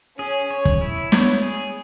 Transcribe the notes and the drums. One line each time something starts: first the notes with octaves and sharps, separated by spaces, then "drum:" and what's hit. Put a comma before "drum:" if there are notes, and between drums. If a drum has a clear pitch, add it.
C#4 G#4
C#5
drum: kick
E4
B3 C#5, drum: snare
G#4